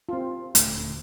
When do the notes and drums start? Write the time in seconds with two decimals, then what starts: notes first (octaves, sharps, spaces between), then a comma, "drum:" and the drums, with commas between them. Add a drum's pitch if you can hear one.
0.09 C4 F4
0.55 D#1 D2 A3, drum: hi-hat